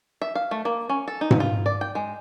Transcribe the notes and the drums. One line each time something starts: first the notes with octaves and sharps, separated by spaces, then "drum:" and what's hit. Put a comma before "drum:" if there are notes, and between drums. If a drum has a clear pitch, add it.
E5
F5
A3
A#3
C#4
A4
D#4
drum: tom G#2
F4
D5
G5
G#3